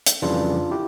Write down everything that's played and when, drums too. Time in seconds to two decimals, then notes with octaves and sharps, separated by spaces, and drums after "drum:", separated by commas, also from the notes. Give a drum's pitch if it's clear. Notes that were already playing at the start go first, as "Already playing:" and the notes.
0.06 drum: hi-hat
0.22 F2 C#3 E3 G3 D4 F4
0.71 E4 G4